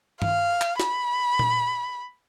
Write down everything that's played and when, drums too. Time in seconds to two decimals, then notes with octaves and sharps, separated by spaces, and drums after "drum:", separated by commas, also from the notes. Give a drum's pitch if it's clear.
0.22 F5, drum: tom
0.61 drum: clap
0.80 B5, drum: snare
1.39 drum: tom A#2